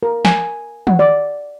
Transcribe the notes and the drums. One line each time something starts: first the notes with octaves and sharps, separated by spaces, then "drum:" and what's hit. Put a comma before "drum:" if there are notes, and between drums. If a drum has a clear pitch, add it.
A#4
G#5, drum: snare
F#5, drum: tom
D5